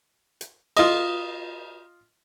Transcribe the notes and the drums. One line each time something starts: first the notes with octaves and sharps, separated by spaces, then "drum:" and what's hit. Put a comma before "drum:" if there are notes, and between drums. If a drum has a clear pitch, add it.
drum: hi-hat
F4 D#5, drum: cymbal